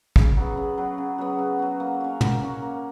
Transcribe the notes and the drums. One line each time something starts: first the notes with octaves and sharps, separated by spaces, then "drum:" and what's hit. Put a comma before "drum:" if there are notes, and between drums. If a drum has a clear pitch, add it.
C#3, drum: kick
F#3 B3
C#3
F#3 B3
C#3
F#3 B3
C#3
F#3 B3
A#3
C#4 F#4
A#3, drum: tom
C#4 F#4
A#3